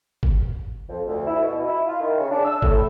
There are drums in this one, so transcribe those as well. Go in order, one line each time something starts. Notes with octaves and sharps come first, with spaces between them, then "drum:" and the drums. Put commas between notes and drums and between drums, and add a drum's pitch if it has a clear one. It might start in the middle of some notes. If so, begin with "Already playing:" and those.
drum: kick
F2
D2
E4
B2
E4
F4
D#3
C#3
D4
E6
A2, drum: kick